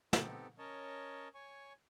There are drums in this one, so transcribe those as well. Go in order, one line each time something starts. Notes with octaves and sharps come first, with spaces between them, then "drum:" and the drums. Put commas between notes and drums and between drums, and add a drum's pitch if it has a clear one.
B3 C4 D#4 G4 A4, drum: snare
C#4 A#4 C#5 D#5 A5
C#5 G#5 C#6